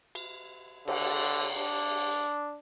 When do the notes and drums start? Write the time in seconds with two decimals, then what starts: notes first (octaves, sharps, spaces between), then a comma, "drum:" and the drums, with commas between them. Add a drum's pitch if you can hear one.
0.15 drum: cymbal
0.88 D3, drum: cymbal
1.56 D4